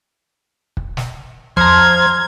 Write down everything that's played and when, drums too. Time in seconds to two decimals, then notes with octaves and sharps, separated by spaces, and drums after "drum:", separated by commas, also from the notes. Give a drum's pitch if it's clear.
0.77 drum: kick
0.97 drum: snare
1.57 F3 A#5 C6 F6 G#6, drum: tom E2